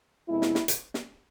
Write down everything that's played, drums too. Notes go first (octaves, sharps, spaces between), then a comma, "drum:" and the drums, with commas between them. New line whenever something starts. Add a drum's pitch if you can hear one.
F2 C3 G#3 B3 E4
drum: snare
drum: snare
drum: hi-hat
drum: snare